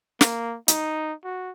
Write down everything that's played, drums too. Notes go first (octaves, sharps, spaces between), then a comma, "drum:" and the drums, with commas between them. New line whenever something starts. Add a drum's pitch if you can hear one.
A#3, drum: snare
D#4, drum: hi-hat
F#4